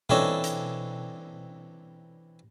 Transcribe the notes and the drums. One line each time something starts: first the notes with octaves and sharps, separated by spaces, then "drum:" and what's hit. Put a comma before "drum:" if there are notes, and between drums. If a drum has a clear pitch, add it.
E3 C4 D4 A4 C#5 D#5, drum: tom B2
drum: hi-hat